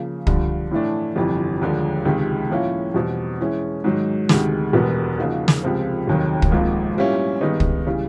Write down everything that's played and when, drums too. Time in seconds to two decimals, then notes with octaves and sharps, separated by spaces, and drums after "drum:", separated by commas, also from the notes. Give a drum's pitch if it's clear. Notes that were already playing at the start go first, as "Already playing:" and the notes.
Already playing: C#3 F3 A#3
0.27 G2 D3 F3, drum: kick
0.71 A2 E3 A3 D4
1.16 G1 F2 C3 E3
1.61 D#2 D3 F3 G#3
2.05 C#2 C3 D#3 G#3
2.50 A2 F3 A#3 C#4 E4
2.94 E2 B2 G3 C4
3.40 E3 G#3 C#4 E4
3.84 G#2 D#3 F#3
4.29 D2 C3 D#3 G#3, drum: snare
4.73 E1 E2 B2 G3 B3
5.18 C#3 F3 A#3 D#4 F#4
5.48 drum: snare
5.63 C#2 C3 F3 G#3 C4
6.07 F1 D#2 D#3 F#3
6.42 drum: kick
6.52 G#1 G#2 F3 A#3
6.97 A#2 G3 A#3 C#4 E4
7.41 G2 D#3 G#3 B3 D#4
7.60 drum: kick
7.87 C#3 E3 G3